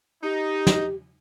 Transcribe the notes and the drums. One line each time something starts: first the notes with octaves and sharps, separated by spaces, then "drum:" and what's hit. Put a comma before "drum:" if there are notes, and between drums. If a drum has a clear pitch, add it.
D#4 G4
drum: snare